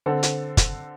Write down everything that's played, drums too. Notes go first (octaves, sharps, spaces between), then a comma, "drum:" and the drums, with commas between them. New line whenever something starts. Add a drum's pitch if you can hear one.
D3 C4 A4
drum: hi-hat
drum: kick, hi-hat